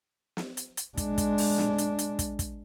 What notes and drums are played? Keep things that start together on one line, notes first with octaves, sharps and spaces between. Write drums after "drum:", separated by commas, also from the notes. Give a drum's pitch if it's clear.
drum: snare
drum: hi-hat
drum: hi-hat
G#3 D4, drum: kick, hi-hat
drum: kick, hi-hat
drum: open hi-hat
drum: snare
drum: hi-hat
drum: hi-hat
drum: kick, hi-hat
drum: kick, hi-hat